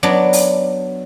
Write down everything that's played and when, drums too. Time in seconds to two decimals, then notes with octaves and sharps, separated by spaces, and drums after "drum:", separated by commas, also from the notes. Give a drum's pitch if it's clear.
0.03 F#3 B3 D4
0.33 drum: open hi-hat